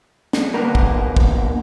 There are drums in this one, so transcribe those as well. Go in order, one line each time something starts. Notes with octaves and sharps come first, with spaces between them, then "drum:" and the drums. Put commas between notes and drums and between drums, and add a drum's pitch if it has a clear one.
drum: snare
D3 A#3 B3 A#4
drum: kick
drum: kick